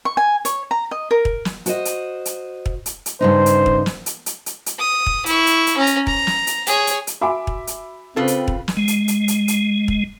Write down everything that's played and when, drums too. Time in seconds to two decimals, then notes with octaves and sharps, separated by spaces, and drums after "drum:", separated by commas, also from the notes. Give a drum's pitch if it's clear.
0.05 C#6
0.17 G#5
0.45 C#5, drum: hi-hat
0.71 A#5
0.91 D#5
1.11 A#4
1.25 drum: kick
1.45 drum: snare
1.66 F#4 C5 D#5, drum: hi-hat
1.85 drum: hi-hat
2.25 drum: hi-hat
2.66 drum: kick
2.86 drum: hi-hat
3.06 drum: hi-hat
3.21 G2 C#3 D#4 C5
3.46 drum: hi-hat
3.66 drum: kick
3.86 drum: snare
4.06 drum: hi-hat
4.26 drum: hi-hat
4.46 drum: hi-hat
4.66 drum: hi-hat
4.78 D#6
5.06 drum: kick
5.26 E4 C#6, drum: hi-hat
5.47 drum: hi-hat
5.67 drum: hi-hat
5.77 C#4 A#5
5.87 drum: hi-hat
6.07 A#5, drum: kick
6.27 drum: snare
6.47 drum: hi-hat
6.67 G#4 C#5, drum: hi-hat
6.87 drum: hi-hat
7.07 drum: hi-hat
7.21 F#4 E5 G#5 B5 D6
7.47 drum: kick
7.67 drum: hi-hat
8.16 C#3 C4 F4 A4 B4
8.28 drum: hi-hat
8.48 drum: kick
8.68 drum: snare
8.77 G#3
8.88 drum: hi-hat
9.08 drum: hi-hat
9.28 drum: hi-hat
9.48 drum: hi-hat
9.88 drum: kick